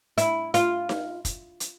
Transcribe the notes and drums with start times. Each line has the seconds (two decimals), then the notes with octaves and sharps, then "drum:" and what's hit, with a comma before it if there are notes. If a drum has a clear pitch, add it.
0.18 E4, drum: hi-hat
0.54 F4, drum: hi-hat
0.89 drum: snare D#4
1.25 drum: kick, hi-hat
1.60 drum: hi-hat